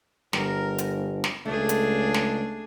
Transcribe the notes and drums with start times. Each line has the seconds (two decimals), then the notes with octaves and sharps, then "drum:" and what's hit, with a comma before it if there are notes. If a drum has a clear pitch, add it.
0.33 G1 A#4, drum: snare
0.78 drum: hi-hat
1.24 drum: snare
1.45 C#2 A3 D4 G#4
1.69 drum: hi-hat
2.14 drum: snare